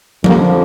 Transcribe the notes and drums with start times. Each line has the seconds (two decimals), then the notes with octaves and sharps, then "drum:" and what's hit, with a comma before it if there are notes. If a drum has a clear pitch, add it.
0.24 F2 D3 F3 G3 A#3, drum: tom F3